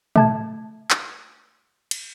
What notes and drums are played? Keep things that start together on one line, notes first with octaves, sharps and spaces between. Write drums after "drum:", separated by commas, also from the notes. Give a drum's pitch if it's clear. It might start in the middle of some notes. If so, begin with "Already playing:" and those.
A3 A5 G#6, drum: tom
drum: clap
drum: cymbal